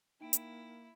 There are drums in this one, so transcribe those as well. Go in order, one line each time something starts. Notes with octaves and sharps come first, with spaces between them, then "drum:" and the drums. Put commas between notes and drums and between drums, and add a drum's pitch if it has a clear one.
A#3 D#4 E4 G5 D7
drum: hi-hat